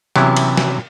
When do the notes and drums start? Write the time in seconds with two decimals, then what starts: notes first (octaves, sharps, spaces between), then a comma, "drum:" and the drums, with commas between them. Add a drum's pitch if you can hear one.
0.16 C3 E3 F#3 B3 C#4 E4, drum: snare
0.37 drum: cymbal
0.57 drum: snare